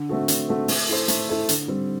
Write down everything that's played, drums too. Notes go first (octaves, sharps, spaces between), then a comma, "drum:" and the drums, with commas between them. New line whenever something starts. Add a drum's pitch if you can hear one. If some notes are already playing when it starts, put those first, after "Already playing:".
Already playing: D3
A3 C4 F#4 A4
D3, drum: hi-hat
A3 C4 F#4 A4
A3, drum: open hi-hat
E4 A4 C5
A3, drum: hi-hat
E4 A4 C5
D3, drum: hi-hat
G3 C4